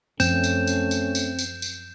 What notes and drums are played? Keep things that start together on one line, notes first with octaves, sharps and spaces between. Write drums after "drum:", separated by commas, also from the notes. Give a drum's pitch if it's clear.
F#2 F3 A3 C4 C#4 G6 E7, drum: tambourine
drum: tambourine
drum: tambourine
drum: tambourine
drum: tambourine
drum: tambourine
drum: tambourine